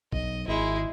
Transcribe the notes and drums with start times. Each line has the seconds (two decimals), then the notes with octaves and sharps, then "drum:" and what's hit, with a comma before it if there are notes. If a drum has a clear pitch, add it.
0.12 B1 D#5, drum: kick G#1
0.48 G#1 G#3 E4